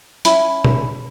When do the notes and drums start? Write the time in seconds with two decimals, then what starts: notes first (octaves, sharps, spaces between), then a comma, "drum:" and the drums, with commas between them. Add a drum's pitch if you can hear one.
0.25 C#4 E4 B5, drum: hi-hat
0.64 drum: tom B2